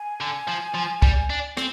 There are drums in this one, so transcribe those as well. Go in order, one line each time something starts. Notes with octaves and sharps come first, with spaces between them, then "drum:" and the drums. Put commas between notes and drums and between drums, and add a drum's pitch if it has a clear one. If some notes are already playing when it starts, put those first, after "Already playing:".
Already playing: G#5
D3
F3
F3
G3, drum: kick
D4
C4, drum: rim click